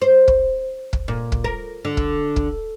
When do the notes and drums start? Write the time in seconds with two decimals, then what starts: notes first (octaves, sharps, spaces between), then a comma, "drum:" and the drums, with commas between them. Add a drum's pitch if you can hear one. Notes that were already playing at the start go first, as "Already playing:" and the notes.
0.02 C5
0.28 drum: kick
0.93 drum: kick
1.08 A#2
1.32 drum: kick
1.44 A#4
1.85 D3
1.97 drum: kick
2.36 drum: kick